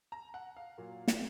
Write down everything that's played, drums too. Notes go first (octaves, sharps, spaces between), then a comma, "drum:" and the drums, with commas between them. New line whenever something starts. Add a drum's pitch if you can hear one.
A#5
F#5
F5
A#2 F#3 A#3
drum: snare